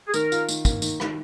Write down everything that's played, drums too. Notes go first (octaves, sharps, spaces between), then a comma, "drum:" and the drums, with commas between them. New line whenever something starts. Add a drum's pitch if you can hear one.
G#4
D#3 A#4, drum: tambourine
F4, drum: tambourine
D#3, drum: tambourine
A#3, drum: kick, tambourine
D#3, drum: tambourine
D#3, drum: rim click